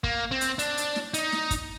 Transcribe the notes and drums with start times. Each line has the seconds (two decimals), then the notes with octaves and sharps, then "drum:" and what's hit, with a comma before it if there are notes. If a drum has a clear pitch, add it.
0.04 A#3, drum: kick
0.31 C4
0.41 drum: hi-hat
0.59 D4, drum: hi-hat
0.77 drum: hi-hat
0.96 drum: snare
1.14 D#4, drum: hi-hat
1.32 drum: snare
1.51 drum: kick, hi-hat